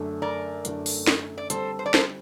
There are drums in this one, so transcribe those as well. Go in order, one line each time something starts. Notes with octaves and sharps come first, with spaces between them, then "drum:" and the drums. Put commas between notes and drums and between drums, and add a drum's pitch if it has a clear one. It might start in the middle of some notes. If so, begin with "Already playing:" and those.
Already playing: F#2 D3 A3 D4
A#4 D5
F#2 D3 A3 D4, drum: hi-hat
drum: open hi-hat
drum: snare
D5
D3 G3 C4 A4 C5, drum: hi-hat
C5
D5
A4 C5, drum: snare